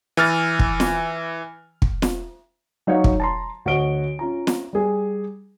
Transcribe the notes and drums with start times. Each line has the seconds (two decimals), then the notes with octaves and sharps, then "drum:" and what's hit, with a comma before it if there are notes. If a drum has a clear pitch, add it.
0.17 E3 F6 A6
0.59 drum: kick
0.80 drum: snare
1.82 drum: kick
2.02 drum: snare
2.87 F#3 D#4 F#4 C#5 F5
3.04 drum: kick
3.20 A5 A#5 C6
3.65 D2 F#4 C#5 D#5 D7 G7
4.19 C#4 F4 A#5
4.47 drum: snare
4.73 G3 G#4